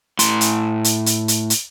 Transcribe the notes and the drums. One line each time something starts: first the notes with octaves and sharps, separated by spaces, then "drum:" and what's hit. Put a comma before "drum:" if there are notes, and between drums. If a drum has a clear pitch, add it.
A2 C6, drum: hi-hat
drum: hi-hat
drum: hi-hat
drum: hi-hat
drum: hi-hat
drum: hi-hat